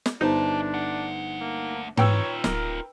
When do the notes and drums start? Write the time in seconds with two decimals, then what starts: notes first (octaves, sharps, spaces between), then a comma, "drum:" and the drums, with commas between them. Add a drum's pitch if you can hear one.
0.06 drum: snare
0.21 G1 D4 D#4 C5 D#5 A5
0.74 A3 F#5
1.41 A#3
1.97 D#4 F4 B4 C#5 G5 E6, drum: tom G#2
2.44 D1 A#4, drum: snare